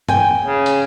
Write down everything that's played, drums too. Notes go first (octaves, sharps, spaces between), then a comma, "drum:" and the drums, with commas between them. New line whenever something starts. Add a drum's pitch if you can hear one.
G5 G#5, drum: tom G2
C#3
drum: hi-hat